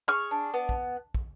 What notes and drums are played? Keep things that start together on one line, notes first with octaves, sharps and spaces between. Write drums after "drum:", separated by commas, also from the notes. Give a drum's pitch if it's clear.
G#4 C#6 F6
D4
B3
drum: kick
drum: kick